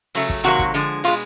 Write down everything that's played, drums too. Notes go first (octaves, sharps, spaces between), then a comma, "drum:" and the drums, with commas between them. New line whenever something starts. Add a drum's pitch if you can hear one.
C#3 F#3 A3, drum: open hi-hat
drum: kick
C3 D#3 F#3 A#3 F#4, drum: hi-hat
drum: kick, hi-hat
D3 F3 G#3
B2 G#3 F4, drum: open hi-hat